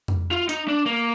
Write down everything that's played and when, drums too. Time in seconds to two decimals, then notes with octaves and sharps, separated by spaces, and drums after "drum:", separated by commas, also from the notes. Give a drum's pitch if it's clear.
0.08 drum: tom F2
0.31 F4
0.49 D#4, drum: hi-hat
0.68 D4
0.86 A#3